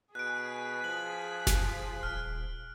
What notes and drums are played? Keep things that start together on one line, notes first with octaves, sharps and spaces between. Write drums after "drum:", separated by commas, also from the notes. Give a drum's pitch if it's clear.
B2 G#4 F#6 B6 D7
F3 F#7
drum: snare F#1
D#1 F6